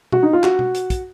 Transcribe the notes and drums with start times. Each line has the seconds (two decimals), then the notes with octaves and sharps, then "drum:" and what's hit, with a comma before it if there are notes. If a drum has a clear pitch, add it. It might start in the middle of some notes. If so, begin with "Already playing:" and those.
0.12 F#4, drum: tom B2
0.23 D#4
0.33 F4
0.43 F#4, drum: clap
0.59 drum: tom B2
0.75 drum: hi-hat
0.90 drum: kick, hi-hat